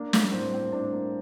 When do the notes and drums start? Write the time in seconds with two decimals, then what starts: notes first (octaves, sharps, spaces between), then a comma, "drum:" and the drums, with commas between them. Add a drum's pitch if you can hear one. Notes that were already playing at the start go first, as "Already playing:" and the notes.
Already playing: A#3 D4
0.13 G3, drum: snare
0.32 A2 C4
0.53 A#3 C4
0.72 A2 D4
0.92 A#3